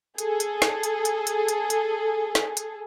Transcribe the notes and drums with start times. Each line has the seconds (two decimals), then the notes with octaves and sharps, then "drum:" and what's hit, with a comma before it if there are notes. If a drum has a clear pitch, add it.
0.18 G#4 A4, drum: hi-hat
0.40 drum: hi-hat
0.62 drum: snare
0.83 drum: hi-hat
1.05 drum: hi-hat
1.27 drum: hi-hat
1.48 drum: hi-hat
1.70 drum: hi-hat
2.35 drum: snare
2.57 drum: hi-hat